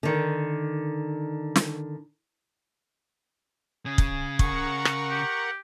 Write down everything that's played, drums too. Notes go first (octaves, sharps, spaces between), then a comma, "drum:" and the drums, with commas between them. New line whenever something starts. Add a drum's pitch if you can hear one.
D3 D#3
drum: snare
C#3 G#4
drum: kick
A#4 F#5 C#6, drum: kick
drum: rim click
G4